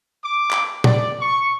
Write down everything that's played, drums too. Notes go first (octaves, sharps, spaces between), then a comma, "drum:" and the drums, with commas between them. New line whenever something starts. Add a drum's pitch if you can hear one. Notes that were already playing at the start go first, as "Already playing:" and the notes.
D6
drum: clap
D5, drum: tom
C#6